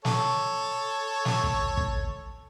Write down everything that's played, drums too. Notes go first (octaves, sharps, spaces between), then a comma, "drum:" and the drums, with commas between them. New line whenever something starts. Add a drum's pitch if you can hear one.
A4 C#5, drum: snare
drum: snare
drum: kick
drum: kick